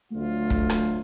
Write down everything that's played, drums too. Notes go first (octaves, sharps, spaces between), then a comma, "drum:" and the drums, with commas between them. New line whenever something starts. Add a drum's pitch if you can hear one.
D2 F#3 A3 F4
drum: kick
drum: rim click